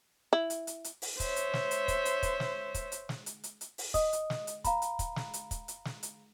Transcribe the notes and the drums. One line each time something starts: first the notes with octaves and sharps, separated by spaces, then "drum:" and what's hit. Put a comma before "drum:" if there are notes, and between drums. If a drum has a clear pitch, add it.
E4
drum: hi-hat
drum: hi-hat
drum: hi-hat
drum: open hi-hat
C5 C#5 E5, drum: kick, hi-hat
drum: hi-hat
drum: snare
drum: hi-hat
drum: kick, hi-hat
drum: hi-hat
drum: kick, hi-hat
drum: snare
drum: kick, hi-hat
drum: hi-hat
drum: snare
drum: hi-hat
drum: hi-hat
drum: hi-hat
drum: open hi-hat
D#5 D#6, drum: kick, hi-hat
drum: hi-hat
drum: snare
drum: hi-hat
F5 A#5 B5, drum: kick, hi-hat
drum: hi-hat
drum: kick, hi-hat
drum: snare
drum: hi-hat
drum: kick, hi-hat
drum: hi-hat
drum: snare
drum: hi-hat